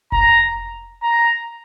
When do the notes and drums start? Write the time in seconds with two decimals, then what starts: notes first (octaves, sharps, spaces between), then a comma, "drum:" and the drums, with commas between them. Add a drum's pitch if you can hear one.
0.12 A#5, drum: kick F1
1.02 A#5